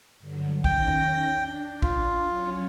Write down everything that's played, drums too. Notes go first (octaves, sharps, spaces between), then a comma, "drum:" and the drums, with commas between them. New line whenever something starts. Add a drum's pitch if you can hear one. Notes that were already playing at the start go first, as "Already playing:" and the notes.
G2 D3 F#3
D#3 C#4 G5 A#6, drum: kick
drum: tom E2
D4
F4, drum: kick
F#3 C#4 C#5